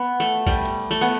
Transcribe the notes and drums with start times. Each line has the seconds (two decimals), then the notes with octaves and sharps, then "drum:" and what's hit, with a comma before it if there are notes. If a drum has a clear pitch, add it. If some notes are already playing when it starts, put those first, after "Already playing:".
Already playing: B3
0.20 A3
0.47 G3, drum: kick A1, cymbal
0.65 drum: cymbal
0.91 A3
1.01 B3, drum: cymbal